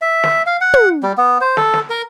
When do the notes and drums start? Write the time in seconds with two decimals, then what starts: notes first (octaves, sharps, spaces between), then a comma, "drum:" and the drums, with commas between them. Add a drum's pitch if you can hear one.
0.01 E5
0.24 drum: snare
0.47 F5
0.61 F#5
0.74 drum: tom
1.03 G3
1.18 B3
1.41 C5
1.57 A4, drum: snare
1.74 drum: snare
1.90 A#4